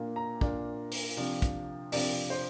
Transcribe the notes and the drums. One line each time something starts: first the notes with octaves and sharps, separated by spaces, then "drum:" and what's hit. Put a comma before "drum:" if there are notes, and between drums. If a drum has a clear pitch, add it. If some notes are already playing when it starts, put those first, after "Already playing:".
Already playing: A#2 A#3 D4
A#5
A#2 A#3 D4, drum: kick
drum: open hi-hat
C3 F3 D4
drum: kick, hi-hat
C3 F3 D4 D5, drum: open hi-hat
C5